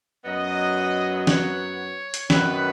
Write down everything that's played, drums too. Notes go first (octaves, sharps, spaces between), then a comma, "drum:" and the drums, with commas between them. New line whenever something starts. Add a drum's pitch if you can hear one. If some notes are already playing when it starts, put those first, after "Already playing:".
F#2 F#3 B3 D#5
C#5, drum: snare
drum: hi-hat
F#2 D#3 B3 B4, drum: snare